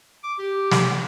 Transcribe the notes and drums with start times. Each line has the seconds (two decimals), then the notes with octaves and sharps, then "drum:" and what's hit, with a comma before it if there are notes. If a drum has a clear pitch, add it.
0.24 D6
0.39 G4
0.71 drum: snare